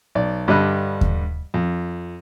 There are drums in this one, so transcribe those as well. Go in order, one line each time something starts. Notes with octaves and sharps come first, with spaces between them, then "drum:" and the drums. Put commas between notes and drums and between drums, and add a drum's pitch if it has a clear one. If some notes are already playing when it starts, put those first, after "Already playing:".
B1 D5
G2 D3 G3 D#5 B5 F#6
drum: kick D#2
F2